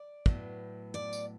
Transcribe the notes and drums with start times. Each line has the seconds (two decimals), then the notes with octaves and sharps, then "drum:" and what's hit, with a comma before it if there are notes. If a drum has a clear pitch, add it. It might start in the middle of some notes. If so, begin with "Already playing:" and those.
Already playing: D5
0.26 A2 F#3 B3, drum: kick
0.94 D5
1.13 drum: tambourine